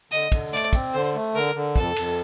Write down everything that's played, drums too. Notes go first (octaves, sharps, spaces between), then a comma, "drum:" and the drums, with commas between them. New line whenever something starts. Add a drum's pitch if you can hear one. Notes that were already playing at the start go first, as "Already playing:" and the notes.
D3 D#5
D3, drum: kick, cymbal
A3 D5
C4, drum: kick, cymbal
D3 C5
A3
D3 A#4
D3
F2 A4, drum: kick
F2, drum: cymbal